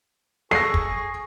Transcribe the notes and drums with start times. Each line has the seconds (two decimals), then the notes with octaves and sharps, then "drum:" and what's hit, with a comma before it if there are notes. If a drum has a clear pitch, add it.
0.51 G#4 A4 C#6 A#6 C7, drum: snare
0.74 drum: kick